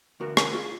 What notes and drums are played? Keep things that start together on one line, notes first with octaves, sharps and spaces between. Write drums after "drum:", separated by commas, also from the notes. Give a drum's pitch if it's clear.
D2 F#4 A#4
F#4 A#4, drum: rim click
F4 G#4